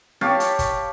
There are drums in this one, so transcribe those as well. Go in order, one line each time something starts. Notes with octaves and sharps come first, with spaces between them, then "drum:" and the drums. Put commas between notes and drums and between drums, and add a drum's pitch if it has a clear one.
G4 C#5 F5 A5, drum: snare
drum: hi-hat
drum: kick, hi-hat